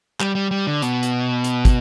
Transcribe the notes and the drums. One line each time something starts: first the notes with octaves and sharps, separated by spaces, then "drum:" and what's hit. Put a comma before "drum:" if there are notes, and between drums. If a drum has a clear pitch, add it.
G3, drum: clap
G3
G3
D3
B2, drum: hi-hat
drum: hi-hat
drum: hi-hat
drum: kick, hi-hat